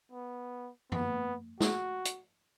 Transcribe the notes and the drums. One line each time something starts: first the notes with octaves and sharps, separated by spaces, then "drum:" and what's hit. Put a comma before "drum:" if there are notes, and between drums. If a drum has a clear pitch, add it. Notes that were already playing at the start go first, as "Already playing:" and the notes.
B3
B3, drum: tom
F#4, drum: snare
drum: hi-hat